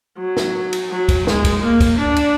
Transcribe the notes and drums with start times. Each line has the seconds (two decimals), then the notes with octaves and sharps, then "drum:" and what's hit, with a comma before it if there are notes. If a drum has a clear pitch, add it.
0.19 F#3
0.37 drum: snare
0.73 drum: cymbal
0.90 F#3
1.09 drum: kick, cymbal
1.27 G#3, drum: snare
1.45 drum: kick, cymbal
1.62 A#3
1.80 drum: kick, cymbal
1.99 D4
2.16 drum: cymbal